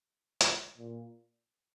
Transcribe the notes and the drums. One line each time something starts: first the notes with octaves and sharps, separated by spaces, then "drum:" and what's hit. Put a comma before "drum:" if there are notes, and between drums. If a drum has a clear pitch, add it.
drum: hi-hat
A#2